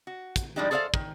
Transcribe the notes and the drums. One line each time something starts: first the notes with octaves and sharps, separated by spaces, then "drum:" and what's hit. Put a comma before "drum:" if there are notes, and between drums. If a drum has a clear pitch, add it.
F#4
drum: kick, hi-hat
F3 G3 G#3 D4 D#4 G4
G#4 A4 C5 D5 E5 F5
D#3, drum: kick